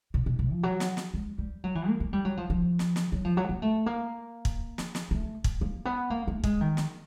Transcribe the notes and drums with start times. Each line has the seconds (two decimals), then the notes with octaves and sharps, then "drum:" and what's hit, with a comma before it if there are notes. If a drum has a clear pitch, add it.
0.14 B2
0.26 B2
0.39 B2
0.51 F3
0.63 F#3
0.80 drum: snare
0.97 drum: snare
1.14 G#3
1.38 G3
1.64 F#3
1.75 E3
1.88 A#3
2.00 A#3
2.13 G3
2.25 F#3
2.37 F3
2.50 F3
2.79 drum: snare
2.96 drum: snare
3.12 F#3
3.25 F3
3.37 F#3
3.49 A#3
3.62 A3
3.86 A#3
4.45 drum: kick
4.78 drum: snare
4.95 drum: snare
5.11 A3
5.44 drum: kick
5.61 A#3
5.85 B3
6.10 A#3
6.27 A3
6.44 G#3, drum: kick
6.61 D#3
6.77 drum: snare